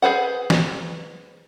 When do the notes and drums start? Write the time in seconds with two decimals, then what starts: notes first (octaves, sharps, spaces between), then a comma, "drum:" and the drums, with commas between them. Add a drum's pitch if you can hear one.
0.02 G#4 B4 C5 F#5
0.50 drum: snare